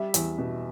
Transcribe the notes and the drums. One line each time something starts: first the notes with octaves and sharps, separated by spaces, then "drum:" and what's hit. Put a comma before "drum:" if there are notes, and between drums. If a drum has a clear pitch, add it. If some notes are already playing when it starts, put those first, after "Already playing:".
Already playing: G3 E5
E2, drum: hi-hat
B2